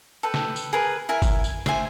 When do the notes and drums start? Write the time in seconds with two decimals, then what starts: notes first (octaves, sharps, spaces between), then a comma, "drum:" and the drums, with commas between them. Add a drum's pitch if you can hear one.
0.23 A4 B4 G5
0.34 drum: snare
0.56 drum: tambourine
0.73 G#4 A#4 B4
1.09 E4 A#4 G#5
1.22 drum: kick G1, tambourine
1.44 drum: tambourine
1.66 C5 E5 G#5, drum: snare